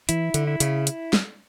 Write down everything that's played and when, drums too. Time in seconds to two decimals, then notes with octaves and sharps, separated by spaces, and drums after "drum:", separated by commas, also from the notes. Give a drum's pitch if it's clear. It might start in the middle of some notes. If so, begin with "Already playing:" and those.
0.09 E3 E4, drum: hi-hat
0.34 D3, drum: hi-hat
0.47 E4
0.60 C#3, drum: hi-hat
0.87 drum: hi-hat
1.13 drum: snare